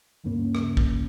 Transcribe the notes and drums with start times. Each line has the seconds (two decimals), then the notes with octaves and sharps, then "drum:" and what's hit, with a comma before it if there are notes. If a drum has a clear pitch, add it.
0.24 D2 G2 C#3 A#3 C#4
0.55 drum: rim click
0.77 drum: kick